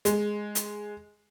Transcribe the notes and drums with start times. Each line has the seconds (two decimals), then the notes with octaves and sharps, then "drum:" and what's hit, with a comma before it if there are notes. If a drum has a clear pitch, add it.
0.05 G#3, drum: hi-hat
0.55 drum: hi-hat